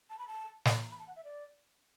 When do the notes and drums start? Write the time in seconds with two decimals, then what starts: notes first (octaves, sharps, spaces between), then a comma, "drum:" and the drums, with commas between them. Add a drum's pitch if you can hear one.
0.10 A5
0.19 B5
0.28 A5
0.65 drum: snare
0.92 B5
0.99 A5
1.07 F#5
1.16 E5
1.24 D5